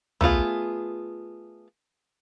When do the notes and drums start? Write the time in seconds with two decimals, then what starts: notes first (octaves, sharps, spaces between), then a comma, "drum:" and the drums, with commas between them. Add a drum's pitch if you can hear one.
0.21 A3 B3 F4 G#4, drum: tom